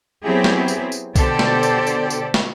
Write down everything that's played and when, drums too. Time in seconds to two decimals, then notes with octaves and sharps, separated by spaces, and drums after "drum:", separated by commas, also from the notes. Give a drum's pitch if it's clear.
0.24 F#3 B3 C4 E4 G4 G#4
0.44 drum: snare
0.68 drum: tambourine
0.92 drum: tambourine
1.16 B2 D3 G4 A4 C5 D5, drum: kick B1, tambourine
1.39 drum: snare
1.63 drum: tambourine
1.87 drum: tambourine
2.10 drum: tambourine
2.34 drum: snare